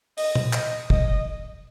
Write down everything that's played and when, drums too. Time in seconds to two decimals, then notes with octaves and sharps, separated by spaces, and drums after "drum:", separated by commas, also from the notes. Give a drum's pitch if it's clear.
0.18 D#5, drum: open hi-hat
0.35 drum: tom A#2
0.53 D#5, drum: clap
0.90 D#5, drum: kick